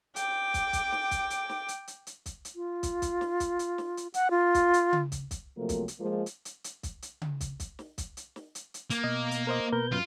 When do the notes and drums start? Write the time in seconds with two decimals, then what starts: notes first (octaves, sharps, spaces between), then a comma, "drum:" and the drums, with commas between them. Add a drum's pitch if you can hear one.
0.16 G5 D6, drum: hi-hat
0.54 drum: kick, hi-hat
0.73 drum: kick, hi-hat
0.92 drum: snare
1.11 drum: kick, hi-hat
1.30 drum: hi-hat
1.49 drum: snare
1.68 drum: hi-hat
1.88 drum: hi-hat
2.07 drum: hi-hat
2.26 drum: kick, hi-hat
2.45 drum: hi-hat
2.56 F4
2.83 drum: kick, hi-hat
3.02 drum: kick, hi-hat
3.21 drum: snare
3.40 drum: kick, hi-hat
3.59 drum: hi-hat
3.78 drum: snare
3.97 drum: hi-hat
4.14 F#5, drum: hi-hat
4.31 F4
4.54 drum: kick, hi-hat
4.74 drum: hi-hat
4.93 drum: tom C#3
5.12 drum: kick, hi-hat
5.31 drum: kick, hi-hat
5.57 C3 F3 F#3 A3 A#3 A#4
5.69 drum: kick, hi-hat
5.88 drum: hi-hat
5.99 F3 G#3 A#3
6.26 drum: hi-hat
6.45 drum: hi-hat
6.64 drum: hi-hat
6.83 drum: kick, hi-hat
7.02 drum: hi-hat
7.21 drum: tom C#3
7.41 drum: kick, hi-hat
7.60 drum: kick, hi-hat
7.79 drum: snare
7.98 drum: kick, hi-hat
8.17 drum: hi-hat
8.36 drum: snare
8.55 drum: hi-hat
8.74 drum: hi-hat
8.90 A#3, drum: hi-hat
9.04 B2 D#5
9.31 drum: hi-hat
9.47 A#4 C5 D#5
9.72 B2 A#4 B4 G6
9.92 F#2 F4 F6